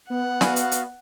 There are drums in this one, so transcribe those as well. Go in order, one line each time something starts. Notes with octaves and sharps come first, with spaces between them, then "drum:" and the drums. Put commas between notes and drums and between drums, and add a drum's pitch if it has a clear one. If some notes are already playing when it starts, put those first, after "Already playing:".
B3 F#5
F#4 D5 F5 G#5 B5, drum: snare
drum: hi-hat
drum: hi-hat